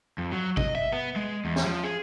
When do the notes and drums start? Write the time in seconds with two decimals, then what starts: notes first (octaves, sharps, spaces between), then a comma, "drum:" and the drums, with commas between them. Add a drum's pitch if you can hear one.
0.18 F2
0.32 F#3
0.57 D#5, drum: kick G#1
0.75 E5
0.93 B3
1.16 G#3
1.45 E2
1.56 drum: snare
1.65 F3
1.84 G#4